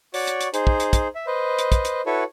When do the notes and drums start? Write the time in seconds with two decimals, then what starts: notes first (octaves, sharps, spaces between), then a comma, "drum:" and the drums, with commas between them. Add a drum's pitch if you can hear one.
0.14 F#4 C#5 D5, drum: open hi-hat
0.27 drum: hi-hat
0.41 drum: hi-hat
0.54 D#4 G#4 C5, drum: hi-hat
0.67 drum: kick
0.80 drum: hi-hat
0.93 drum: kick, hi-hat
1.15 E5
1.27 B4 C5 D#5
1.59 drum: hi-hat
1.72 drum: kick, hi-hat
1.85 drum: hi-hat
2.06 E4 F#4 A4 B4 C#5